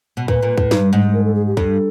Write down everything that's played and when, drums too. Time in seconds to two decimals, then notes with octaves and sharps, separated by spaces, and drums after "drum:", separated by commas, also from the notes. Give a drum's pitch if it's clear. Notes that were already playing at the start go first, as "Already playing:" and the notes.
0.17 B2
0.28 A#2 B4, drum: kick
0.42 A#2
0.58 A2, drum: kick
0.71 G2, drum: snare
0.93 G#2
1.14 A#4
1.25 A4
1.35 G#4
1.47 G4
1.57 G2 A4, drum: kick